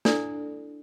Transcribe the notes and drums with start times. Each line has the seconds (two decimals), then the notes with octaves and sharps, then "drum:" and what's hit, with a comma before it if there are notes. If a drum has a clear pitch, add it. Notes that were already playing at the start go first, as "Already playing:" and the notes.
0.05 D4 E4 A4 D5, drum: snare